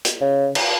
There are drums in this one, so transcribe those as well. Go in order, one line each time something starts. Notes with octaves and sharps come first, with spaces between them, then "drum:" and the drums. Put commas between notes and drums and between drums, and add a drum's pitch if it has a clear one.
drum: hi-hat
C#3
drum: cymbal